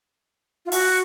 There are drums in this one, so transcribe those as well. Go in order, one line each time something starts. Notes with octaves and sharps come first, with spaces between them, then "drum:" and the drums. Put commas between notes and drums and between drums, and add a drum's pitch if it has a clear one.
F4
F#4, drum: open hi-hat